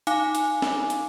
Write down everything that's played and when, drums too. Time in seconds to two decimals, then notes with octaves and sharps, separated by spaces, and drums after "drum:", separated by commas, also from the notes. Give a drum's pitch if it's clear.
0.07 D#4 F5 G#5 D6, drum: hi-hat
0.35 drum: hi-hat
0.62 drum: snare
0.90 drum: hi-hat